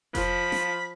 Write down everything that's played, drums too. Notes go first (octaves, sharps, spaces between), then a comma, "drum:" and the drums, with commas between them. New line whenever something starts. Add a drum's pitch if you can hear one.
F3 B5, drum: kick F1, hi-hat
drum: snare